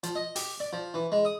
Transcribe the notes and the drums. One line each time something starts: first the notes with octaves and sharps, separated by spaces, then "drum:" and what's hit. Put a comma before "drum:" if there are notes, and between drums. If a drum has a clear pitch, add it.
F3, drum: hi-hat
D#5
G4, drum: open hi-hat
D5
F3
E3
G#3
D#6